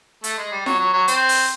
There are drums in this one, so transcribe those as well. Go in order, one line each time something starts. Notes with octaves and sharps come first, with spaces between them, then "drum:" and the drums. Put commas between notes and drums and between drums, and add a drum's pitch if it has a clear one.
A3, drum: hi-hat
G#3
G3
F#3, drum: snare F4
F#3
F#3
C4, drum: hi-hat
drum: open hi-hat